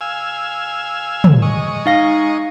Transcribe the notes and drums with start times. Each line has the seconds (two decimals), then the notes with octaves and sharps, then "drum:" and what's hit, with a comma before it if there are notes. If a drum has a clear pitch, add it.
0.01 F5 G#5 E6
1.24 drum: tom
1.42 G#3 D#5 C#6
1.86 D#4 F5 A#6